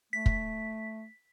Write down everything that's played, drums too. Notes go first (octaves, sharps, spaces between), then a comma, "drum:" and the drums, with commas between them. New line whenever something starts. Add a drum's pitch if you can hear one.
A3 B6
drum: kick